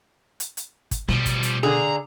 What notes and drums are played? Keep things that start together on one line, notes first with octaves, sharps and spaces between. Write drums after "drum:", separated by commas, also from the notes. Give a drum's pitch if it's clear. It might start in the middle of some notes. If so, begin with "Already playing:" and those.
drum: hi-hat
drum: hi-hat
drum: kick, hi-hat
B2 F3 G3, drum: snare
drum: kick, hi-hat
drum: hi-hat
D3 G#4 A#5